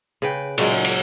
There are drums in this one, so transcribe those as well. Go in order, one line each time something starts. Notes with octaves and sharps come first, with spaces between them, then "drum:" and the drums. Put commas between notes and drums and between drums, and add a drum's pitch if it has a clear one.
C#3 B4 G5
A#2 C#3 F#3 G#3, drum: cymbal
drum: cymbal